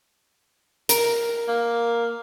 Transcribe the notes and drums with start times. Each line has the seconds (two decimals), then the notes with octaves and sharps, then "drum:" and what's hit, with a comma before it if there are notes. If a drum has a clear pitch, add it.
0.89 A#4, drum: hi-hat
1.48 A#3